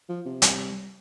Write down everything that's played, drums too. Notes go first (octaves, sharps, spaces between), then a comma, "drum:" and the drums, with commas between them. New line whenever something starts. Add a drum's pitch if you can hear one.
F3
C3
G3, drum: hi-hat